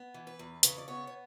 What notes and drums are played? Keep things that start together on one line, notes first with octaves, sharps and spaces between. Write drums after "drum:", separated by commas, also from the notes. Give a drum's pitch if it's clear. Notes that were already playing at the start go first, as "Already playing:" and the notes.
Already playing: B3
E3
B4
E2
C#3 B4, drum: hi-hat
D5
B3 C#5
C#5